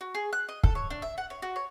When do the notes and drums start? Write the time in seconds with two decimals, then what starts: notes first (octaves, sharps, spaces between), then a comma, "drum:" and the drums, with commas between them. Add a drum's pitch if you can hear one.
0.01 F#4
0.15 G#4
0.33 F#6
0.49 D#5
0.64 A4, drum: kick
0.75 C#5
0.90 D4
1.02 E5
1.18 F#5
1.30 C#5
1.42 F#4
1.56 C#5